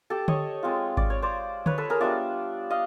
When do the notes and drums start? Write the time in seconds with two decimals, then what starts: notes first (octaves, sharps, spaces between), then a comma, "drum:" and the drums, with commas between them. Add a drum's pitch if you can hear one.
0.10 G4 A4
0.28 C#5 D#5, drum: tom D3
0.63 G#3 C4 F4
0.97 D5, drum: kick G#1
1.10 C#5
1.22 C5 D5
1.66 B4 C#5, drum: tom D3
1.78 A4 B4
1.90 G#4 A#4
2.00 G3 B3 D4 F4 D5 E5
2.70 D#5 F5